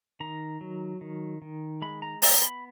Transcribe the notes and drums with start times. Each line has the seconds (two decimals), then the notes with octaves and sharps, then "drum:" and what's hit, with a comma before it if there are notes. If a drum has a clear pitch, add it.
0.20 D#3 A#5
0.61 F#3
1.01 D#3
1.42 D#3
1.82 G#3 B5
2.02 A#5
2.22 B3 A#5, drum: open hi-hat
2.42 B5